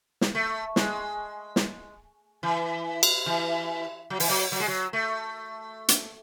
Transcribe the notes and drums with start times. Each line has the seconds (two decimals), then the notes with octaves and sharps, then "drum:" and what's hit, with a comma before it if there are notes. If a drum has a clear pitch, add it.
0.21 drum: snare
0.35 A3
0.76 G#3, drum: snare
1.56 drum: snare
2.43 E3
3.03 drum: cymbal
3.26 E3
4.10 F#3
4.20 E3, drum: open hi-hat
4.29 F#3
4.52 F#3
4.60 G#3
4.68 F#3
4.93 A3
5.88 drum: hi-hat